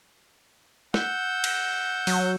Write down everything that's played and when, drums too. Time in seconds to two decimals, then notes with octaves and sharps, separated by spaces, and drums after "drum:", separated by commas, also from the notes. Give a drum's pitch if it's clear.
0.94 F#5 E6 G6, drum: snare
1.44 drum: cymbal
2.07 F#3, drum: open hi-hat